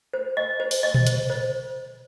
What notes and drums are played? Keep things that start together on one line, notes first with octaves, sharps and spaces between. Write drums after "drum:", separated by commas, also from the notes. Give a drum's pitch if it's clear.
C5
D#5
C5
drum: open hi-hat
D#5
drum: tom A#2
C5, drum: hi-hat
C5